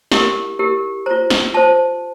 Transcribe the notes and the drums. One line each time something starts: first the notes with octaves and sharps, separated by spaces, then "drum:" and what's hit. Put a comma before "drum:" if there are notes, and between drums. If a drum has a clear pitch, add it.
E4 G4 A#4, drum: snare
E4 G4 A#4
F4 C5 A#5
drum: snare
F4 C5 A5